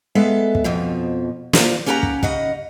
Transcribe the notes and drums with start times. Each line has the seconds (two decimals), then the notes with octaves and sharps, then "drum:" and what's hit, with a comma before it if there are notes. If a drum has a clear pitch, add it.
0.15 G#3 B3 A4 E5 F5
0.55 drum: kick
0.64 F2 B2 F3
1.53 A#3 F4 C5 D5, drum: snare
1.86 A#3 C#4 G4 F#5 G#5 A#5
2.03 drum: kick
2.23 C#3 D#5 F#5, drum: kick